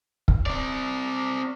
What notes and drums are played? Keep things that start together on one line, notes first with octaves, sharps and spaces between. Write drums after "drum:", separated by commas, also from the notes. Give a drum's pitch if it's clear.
drum: kick
C4 D5